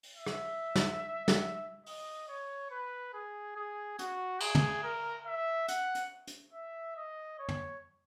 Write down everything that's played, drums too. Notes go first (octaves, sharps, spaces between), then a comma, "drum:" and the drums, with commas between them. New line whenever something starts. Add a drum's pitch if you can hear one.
drum: open hi-hat
E5
drum: rim click
drum: snare
drum: snare
D#5, drum: open hi-hat
C#5
B4
G#4
G#4
F#4, drum: hi-hat
G#4, drum: cymbal
drum: tom
A#4
E5
F#5, drum: hi-hat
drum: hi-hat
drum: hi-hat
E5
D#5
C#5
drum: tom